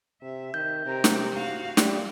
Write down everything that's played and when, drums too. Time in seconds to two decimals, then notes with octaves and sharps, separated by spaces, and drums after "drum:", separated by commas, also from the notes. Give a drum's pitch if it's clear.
0.22 C3 E5
0.54 D#3 G6
0.86 C3 A#4
1.04 drum: snare
1.33 F#4 F5
1.77 G3 E4, drum: snare